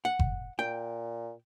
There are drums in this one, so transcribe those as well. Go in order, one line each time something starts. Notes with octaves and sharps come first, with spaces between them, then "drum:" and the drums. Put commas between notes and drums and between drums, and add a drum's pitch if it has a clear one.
F#5
drum: kick F#1
A#2 G5